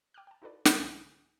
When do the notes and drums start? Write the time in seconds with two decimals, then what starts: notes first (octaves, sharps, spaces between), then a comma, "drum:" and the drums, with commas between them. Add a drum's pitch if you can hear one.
0.14 G5 D6 D#6 F6 F#6
0.27 G5 A5
0.42 D#4 E4 F#4 A4 B4 D5
0.65 G#4 D5 D#5, drum: snare
0.79 C2 G#2 D3 G#5 F6 F#6